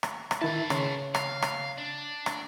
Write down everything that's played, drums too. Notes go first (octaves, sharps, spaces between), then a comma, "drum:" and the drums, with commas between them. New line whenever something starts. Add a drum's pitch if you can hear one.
drum: rim click
drum: rim click
D#3 E4 B4 A5
C#3 C#5 C6, drum: rim click
F5, drum: rim click
drum: rim click
D4
drum: rim click